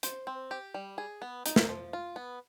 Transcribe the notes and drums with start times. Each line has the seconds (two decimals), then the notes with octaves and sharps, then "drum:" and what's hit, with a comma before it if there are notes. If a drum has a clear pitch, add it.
0.03 C5, drum: hi-hat
0.27 C4
0.51 G4
0.74 G3
0.98 G#4
1.22 B3
1.46 D#4, drum: hi-hat
1.56 drum: snare
1.69 F3
1.93 F4
2.16 B3